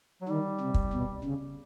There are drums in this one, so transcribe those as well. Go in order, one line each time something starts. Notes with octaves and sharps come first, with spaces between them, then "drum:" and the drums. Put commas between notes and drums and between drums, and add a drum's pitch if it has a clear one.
F#3
D#3 G3
C3
drum: kick
B2
C#3